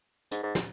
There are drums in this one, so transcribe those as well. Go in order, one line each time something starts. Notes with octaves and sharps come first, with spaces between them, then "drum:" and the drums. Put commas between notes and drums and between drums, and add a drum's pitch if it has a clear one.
G#2, drum: hi-hat
G#2
drum: snare